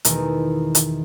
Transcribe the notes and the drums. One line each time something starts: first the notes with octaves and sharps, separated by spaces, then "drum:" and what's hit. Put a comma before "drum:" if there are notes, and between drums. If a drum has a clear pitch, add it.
E2 B2 D#3 E3 A3 D#4, drum: hi-hat
drum: hi-hat